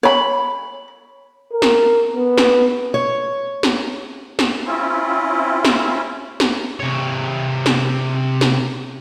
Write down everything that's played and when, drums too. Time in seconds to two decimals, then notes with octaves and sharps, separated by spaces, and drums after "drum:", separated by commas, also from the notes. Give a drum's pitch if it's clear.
0.03 C#5 B5
1.53 A#4
1.62 drum: snare
2.12 B3
2.38 drum: snare
2.94 C#5
3.63 drum: snare
4.39 drum: snare
4.65 C4 C#4 E4 F4
5.65 drum: snare
6.40 drum: snare
6.80 C3 C#5
7.66 drum: snare
8.41 drum: snare